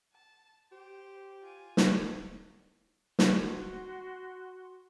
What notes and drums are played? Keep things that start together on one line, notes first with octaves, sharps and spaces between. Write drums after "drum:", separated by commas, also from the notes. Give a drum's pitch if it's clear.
A5
G4 C5
F4 G#5
drum: snare
drum: snare
F#4 C6